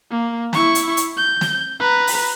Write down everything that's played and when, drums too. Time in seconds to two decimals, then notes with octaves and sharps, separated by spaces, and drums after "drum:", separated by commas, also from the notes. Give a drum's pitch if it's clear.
0.11 A#3
0.53 E4 C#6, drum: snare
0.75 drum: hi-hat
0.97 drum: hi-hat
1.17 G6
1.41 drum: snare
1.80 B4 A#5
2.07 drum: open hi-hat